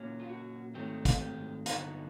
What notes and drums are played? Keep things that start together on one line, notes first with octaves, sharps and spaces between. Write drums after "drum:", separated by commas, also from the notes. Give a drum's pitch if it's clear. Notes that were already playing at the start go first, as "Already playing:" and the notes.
Already playing: A#2 F#3 A#3 C#4
F4
F#4
G#2 D#3 F#3 A3 C4 G4
drum: kick, hi-hat
G4
G2 D3 F#3 B3 D#4 F#4, drum: hi-hat